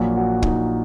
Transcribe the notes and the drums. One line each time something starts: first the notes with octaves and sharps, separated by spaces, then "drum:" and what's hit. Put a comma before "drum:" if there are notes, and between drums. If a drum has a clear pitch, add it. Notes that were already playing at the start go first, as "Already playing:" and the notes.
Already playing: A#1 A#2 F#3
F#4
D#4, drum: kick